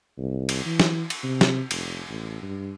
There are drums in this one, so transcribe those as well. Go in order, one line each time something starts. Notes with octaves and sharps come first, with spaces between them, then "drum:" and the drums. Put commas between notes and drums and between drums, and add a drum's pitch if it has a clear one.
C2
drum: cymbal
E3
drum: snare
drum: cymbal
C3
drum: snare
F1, drum: cymbal
A1
G2